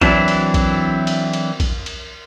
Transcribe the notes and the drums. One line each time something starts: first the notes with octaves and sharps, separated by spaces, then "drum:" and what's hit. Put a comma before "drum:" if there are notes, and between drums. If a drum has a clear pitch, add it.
E3 F#3 C4 D4 E4, drum: kick A#1, cymbal
drum: cymbal
drum: kick A#1, cymbal
drum: cymbal
drum: cymbal
drum: kick A#1, cymbal
drum: cymbal